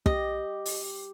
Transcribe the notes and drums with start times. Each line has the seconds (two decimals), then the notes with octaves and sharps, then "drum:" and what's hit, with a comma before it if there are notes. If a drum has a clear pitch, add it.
0.06 G4 D#5, drum: kick
0.65 drum: open hi-hat